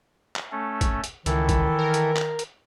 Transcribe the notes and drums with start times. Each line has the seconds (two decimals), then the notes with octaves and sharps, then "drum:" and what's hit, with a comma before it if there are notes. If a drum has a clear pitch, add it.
0.36 drum: clap
0.52 A3 C#4 A4
0.81 drum: kick, hi-hat
1.04 drum: hi-hat
1.26 C#2 D#3 E3 E4 A4, drum: hi-hat
1.49 drum: kick, hi-hat
1.79 A#4
1.94 drum: hi-hat
2.16 drum: clap
2.39 drum: hi-hat